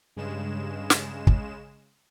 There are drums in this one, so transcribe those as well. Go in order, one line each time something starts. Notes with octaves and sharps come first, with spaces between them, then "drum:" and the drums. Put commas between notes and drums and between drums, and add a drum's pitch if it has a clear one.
G2 C#3 G#3 E7
drum: snare
drum: kick